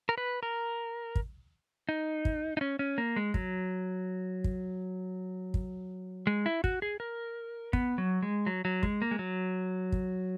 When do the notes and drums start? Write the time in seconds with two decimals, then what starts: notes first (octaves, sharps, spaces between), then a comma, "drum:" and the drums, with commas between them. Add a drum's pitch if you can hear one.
0.09 A#4
0.18 B4
0.43 A#4
1.15 drum: kick
1.89 D#4
2.25 drum: kick
2.57 D#4
2.61 C#4
2.79 C#4
2.98 A#3
3.16 G#3
3.34 F#3, drum: kick
4.44 drum: kick
5.54 drum: kick
6.27 G#3
6.46 E4
6.64 F#4, drum: kick
6.82 G#4
7.00 A#4
7.73 B3, drum: kick
7.98 F#3
8.22 G#3
8.46 F#3
8.65 F#3
8.83 G#3, drum: kick
9.02 A#3
9.11 G#3
9.19 F#3
9.92 drum: kick